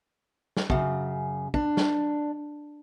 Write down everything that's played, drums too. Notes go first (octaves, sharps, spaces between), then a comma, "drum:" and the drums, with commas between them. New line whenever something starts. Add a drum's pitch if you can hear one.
drum: snare
F#2 C#3, drum: kick
D4, drum: kick
drum: snare